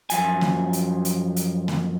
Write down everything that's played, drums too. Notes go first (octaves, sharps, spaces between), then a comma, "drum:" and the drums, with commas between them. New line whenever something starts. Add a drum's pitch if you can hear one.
F#2 F3 G#5, drum: hi-hat
drum: snare A#3
drum: hi-hat
drum: hi-hat
drum: hi-hat
drum: snare A#3